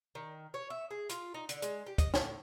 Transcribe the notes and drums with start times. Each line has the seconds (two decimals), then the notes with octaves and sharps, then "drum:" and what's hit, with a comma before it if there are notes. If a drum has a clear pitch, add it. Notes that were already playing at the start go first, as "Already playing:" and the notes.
0.15 D#3
0.54 C#5
0.70 E5
0.90 G#4
1.09 F4, drum: hi-hat
1.34 D#4
1.49 D3, drum: hi-hat
1.62 G#3, drum: hi-hat
1.86 G4
1.98 D#5, drum: kick, hi-hat
2.14 A2, drum: snare